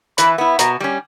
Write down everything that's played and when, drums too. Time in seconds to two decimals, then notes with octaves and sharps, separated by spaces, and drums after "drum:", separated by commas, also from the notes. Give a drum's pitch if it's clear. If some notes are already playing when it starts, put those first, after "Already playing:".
0.18 E3 B5, drum: hi-hat
0.38 B3 E4
0.59 B2 A#5, drum: hi-hat
0.80 G3 C#4